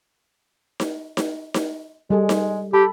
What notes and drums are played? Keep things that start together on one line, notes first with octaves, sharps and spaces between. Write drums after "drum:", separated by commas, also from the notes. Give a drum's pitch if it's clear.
drum: snare D#4
drum: snare D#4
drum: snare D#4
G3 G#3 G#4 A4
drum: snare D#4
G4 A4 B5